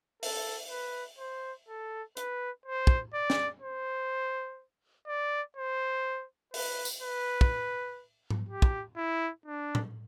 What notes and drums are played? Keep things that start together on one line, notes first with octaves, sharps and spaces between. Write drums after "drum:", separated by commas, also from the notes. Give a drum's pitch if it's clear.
A4, drum: open hi-hat
B4
C5
A4
B4, drum: hi-hat
C5
drum: kick
D5
drum: snare
C5
D5
C5
B4, drum: open hi-hat
drum: tambourine
B4
drum: kick
drum: tom G#2
G4
drum: kick
E4
D4
drum: tom